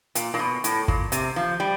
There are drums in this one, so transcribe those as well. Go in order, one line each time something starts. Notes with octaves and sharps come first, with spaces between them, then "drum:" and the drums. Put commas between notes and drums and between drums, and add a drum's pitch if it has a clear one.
A#2, drum: hi-hat
A#2
B2
A2, drum: hi-hat
A#2, drum: kick
C3, drum: hi-hat
F3
G3